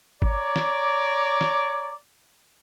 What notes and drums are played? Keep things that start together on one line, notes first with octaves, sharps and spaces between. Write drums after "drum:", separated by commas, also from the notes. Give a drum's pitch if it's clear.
C#5 D5 A#5 D6, drum: kick
drum: snare
drum: snare